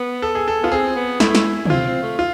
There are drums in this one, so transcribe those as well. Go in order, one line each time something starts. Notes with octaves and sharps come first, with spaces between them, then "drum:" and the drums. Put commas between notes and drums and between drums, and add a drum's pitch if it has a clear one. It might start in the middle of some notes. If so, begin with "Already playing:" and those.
Already playing: B3
A4
G#4
A4
B3 F4
C4 G#4
B3
A3 E4, drum: snare
drum: snare
D4, drum: tom
C4 F4
C4
A3
F4